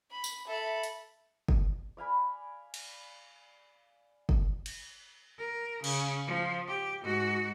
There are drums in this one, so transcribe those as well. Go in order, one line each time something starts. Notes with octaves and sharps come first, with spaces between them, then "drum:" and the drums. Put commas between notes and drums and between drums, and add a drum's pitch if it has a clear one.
B5
drum: tambourine
A4 E5 B5
drum: hi-hat
drum: kick
D5 F5 G#5 B5
drum: cymbal
drum: kick
drum: cymbal
A#4
C#3, drum: cymbal
F3
G4
G#2 F#4